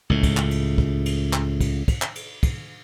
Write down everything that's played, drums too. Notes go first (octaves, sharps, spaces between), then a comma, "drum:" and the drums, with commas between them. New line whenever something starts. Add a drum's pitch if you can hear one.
C#2 A2
drum: kick, cymbal
drum: clap
drum: cymbal
drum: kick
drum: cymbal
drum: clap
drum: kick, cymbal
drum: kick, cymbal
drum: clap
drum: cymbal
drum: kick, cymbal